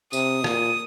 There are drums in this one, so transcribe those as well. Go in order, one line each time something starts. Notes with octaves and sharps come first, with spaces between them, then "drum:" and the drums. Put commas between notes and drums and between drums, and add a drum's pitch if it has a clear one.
C3 D#6, drum: tambourine
A#2, drum: rim click